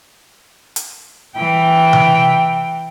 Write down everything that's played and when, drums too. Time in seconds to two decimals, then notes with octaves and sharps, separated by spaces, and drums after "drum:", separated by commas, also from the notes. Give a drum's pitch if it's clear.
0.76 drum: hi-hat
1.36 E3 G5
1.93 drum: tom C3